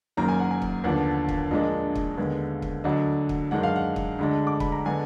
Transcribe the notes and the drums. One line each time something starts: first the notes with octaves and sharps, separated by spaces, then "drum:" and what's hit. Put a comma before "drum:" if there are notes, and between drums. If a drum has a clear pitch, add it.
F#1 F#2 D#3 A#3 A#5
G#5
F#5
G#5
drum: kick
D#2 D3 F3 B3 D4 F#5
drum: kick
A#1 A#2 G#3 D4 D#5
drum: kick
D#2 D3 G#3 B3
drum: kick
D2 D3 F#3 D4 D#5
drum: kick
F#2 D#3 G#3 D4 F#5
F5
F#5
drum: kick
D2 D3 G#3 D4
D6
B5, drum: kick
A#5
D3 G#3 B3 D4 G#5